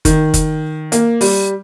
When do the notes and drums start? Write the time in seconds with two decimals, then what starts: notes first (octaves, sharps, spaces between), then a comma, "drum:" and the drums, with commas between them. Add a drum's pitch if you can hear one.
0.05 D#3, drum: kick F#1, hi-hat
0.34 drum: kick F#1, hi-hat
0.92 A#3, drum: hi-hat
1.21 G3, drum: open hi-hat